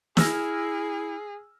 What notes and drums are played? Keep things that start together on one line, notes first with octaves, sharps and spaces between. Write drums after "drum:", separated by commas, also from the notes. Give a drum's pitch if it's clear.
E4 G#4 E6 F6 A#6, drum: snare